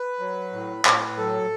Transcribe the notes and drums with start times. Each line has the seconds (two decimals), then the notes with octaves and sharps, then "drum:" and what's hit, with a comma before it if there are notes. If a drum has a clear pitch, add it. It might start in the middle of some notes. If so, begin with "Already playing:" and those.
Already playing: B4
0.20 F#3
0.53 A2
0.85 A2, drum: clap
1.18 F#3 A4